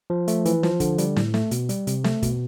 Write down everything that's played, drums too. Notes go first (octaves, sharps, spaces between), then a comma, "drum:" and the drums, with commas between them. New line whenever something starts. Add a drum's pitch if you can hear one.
F3
A3, drum: hi-hat
E3, drum: hi-hat
F3, drum: snare
D3, drum: kick, hi-hat
G3, drum: hi-hat
A2, drum: snare
A3, drum: snare
B2, drum: hi-hat
G3, drum: hi-hat
C3, drum: hi-hat
A3, drum: snare
B2, drum: kick, hi-hat